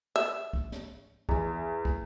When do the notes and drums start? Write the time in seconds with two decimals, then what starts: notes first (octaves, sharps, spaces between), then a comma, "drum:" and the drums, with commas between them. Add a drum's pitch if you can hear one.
0.16 E5
0.53 drum: kick
0.72 drum: snare
1.29 E2, drum: kick
1.85 drum: kick